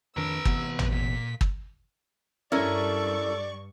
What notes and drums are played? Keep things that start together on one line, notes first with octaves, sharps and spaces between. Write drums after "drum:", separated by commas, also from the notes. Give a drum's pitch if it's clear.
F2 D#3 D4 B4 A#5 E6
C3 E3 B3, drum: kick
drum: tom
A#2 B6
drum: kick
G2 C#4 E4 A4 A#4 D5 C#6